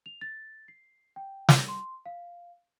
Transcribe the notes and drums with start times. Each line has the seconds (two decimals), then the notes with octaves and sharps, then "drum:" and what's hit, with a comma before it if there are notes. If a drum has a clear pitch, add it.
0.06 F7
0.21 A6
0.68 C7
1.16 G5
1.49 drum: snare
1.68 C6
2.06 F5